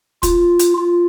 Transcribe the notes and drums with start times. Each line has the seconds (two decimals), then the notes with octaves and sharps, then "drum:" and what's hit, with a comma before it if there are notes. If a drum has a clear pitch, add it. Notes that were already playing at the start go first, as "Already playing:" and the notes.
0.23 F4, drum: kick, hi-hat
0.59 drum: hi-hat
0.78 F4